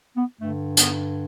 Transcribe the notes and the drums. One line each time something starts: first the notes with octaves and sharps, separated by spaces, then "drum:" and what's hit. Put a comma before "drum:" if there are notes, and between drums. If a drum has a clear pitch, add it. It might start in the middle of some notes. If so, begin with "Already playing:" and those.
B3
G2 D3 A3
B3, drum: hi-hat